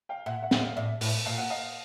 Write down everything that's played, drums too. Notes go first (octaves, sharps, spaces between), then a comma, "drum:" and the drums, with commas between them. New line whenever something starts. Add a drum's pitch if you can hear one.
F5 G5
A#2 E5 F#5
E5 F#5
A#2, drum: snare
D#5 F5
A2 D5 E5
A2, drum: open hi-hat
A#2 F5
F#5
D#5 F5